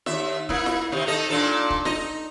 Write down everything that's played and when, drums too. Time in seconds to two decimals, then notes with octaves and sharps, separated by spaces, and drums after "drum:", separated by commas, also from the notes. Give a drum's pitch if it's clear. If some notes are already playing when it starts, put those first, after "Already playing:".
0.06 D#2 E5, drum: snare
0.49 A#3 E4, drum: kick
0.66 drum: snare
0.92 C3 D#3
1.06 D#3 A4 D#5
1.30 A#2 D4 A4
1.70 drum: kick
1.85 D#4 D#5, drum: snare